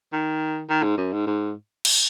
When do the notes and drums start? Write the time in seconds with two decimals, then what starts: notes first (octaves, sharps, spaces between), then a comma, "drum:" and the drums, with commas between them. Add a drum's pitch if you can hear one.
0.13 D#3
0.69 D#3
0.83 G#2
0.97 F#2
1.13 G#2
1.27 G#2
1.85 drum: cymbal